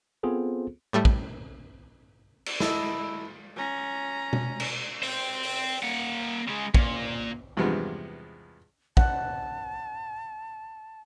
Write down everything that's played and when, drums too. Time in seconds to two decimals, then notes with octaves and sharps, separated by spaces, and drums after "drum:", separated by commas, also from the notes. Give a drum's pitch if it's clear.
0.23 B3 C4 F4 G#4 A4 C5
0.93 A2 G3 A3
1.05 drum: kick
2.46 drum: cymbal
2.60 E4 A4 D#5, drum: snare
3.56 C#4 A#5
4.33 drum: tom B2
4.60 drum: cymbal
5.03 C5 G5, drum: open hi-hat
5.43 drum: open hi-hat
5.83 A#3 F#5
6.48 C#3 G#3
6.74 A#2, drum: kick
7.57 E2 G2 C3 F3 G#3 B3
8.97 F#5 A5, drum: kick